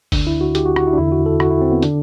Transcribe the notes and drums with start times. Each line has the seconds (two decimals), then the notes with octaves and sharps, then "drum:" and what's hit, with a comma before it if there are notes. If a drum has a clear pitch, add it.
0.12 D2 D3 D4, drum: kick F#1, open hi-hat
0.27 E4
0.41 F#4
0.55 G4, drum: hi-hat
0.66 F#4
0.76 F#4, drum: rim click
0.87 E4
0.93 D4
0.98 E2 D3 E4
1.12 F#4
1.26 A4
1.40 F#4, drum: rim click
1.51 E4
1.61 C4
1.72 B3
1.82 D3 D4, drum: hi-hat